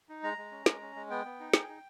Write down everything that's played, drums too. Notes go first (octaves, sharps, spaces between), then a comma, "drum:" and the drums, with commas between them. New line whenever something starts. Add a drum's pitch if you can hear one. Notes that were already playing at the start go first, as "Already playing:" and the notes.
D#4
G#3 A#5
G#3
C#4
G#3, drum: snare
C#4
G#3
B3 G5
B3
D#4
G#4, drum: snare
D#4